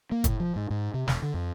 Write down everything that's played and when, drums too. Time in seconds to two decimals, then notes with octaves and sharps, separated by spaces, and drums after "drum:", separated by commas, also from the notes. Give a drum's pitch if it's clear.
0.12 A#3
0.24 A2, drum: kick, hi-hat
0.40 F3
0.56 G#2
0.70 G#2
0.94 C3
1.08 E1, drum: snare
1.22 D3
1.34 F2